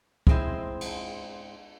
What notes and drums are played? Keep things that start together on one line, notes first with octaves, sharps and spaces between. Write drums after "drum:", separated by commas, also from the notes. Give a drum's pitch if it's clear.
G#2 G#3 C4 E4, drum: kick
drum: cymbal